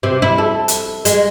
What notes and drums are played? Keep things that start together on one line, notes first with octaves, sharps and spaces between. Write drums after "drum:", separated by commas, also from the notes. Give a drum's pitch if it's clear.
C3
E4
A4
drum: hi-hat
G#3, drum: hi-hat